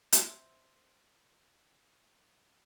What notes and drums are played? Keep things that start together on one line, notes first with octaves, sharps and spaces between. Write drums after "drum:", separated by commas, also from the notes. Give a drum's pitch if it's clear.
C4 E5, drum: hi-hat